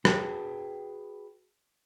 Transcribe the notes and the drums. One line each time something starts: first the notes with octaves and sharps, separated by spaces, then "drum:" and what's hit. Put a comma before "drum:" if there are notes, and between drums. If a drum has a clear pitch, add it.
F#4 G#4 B4 G5 A5, drum: rim click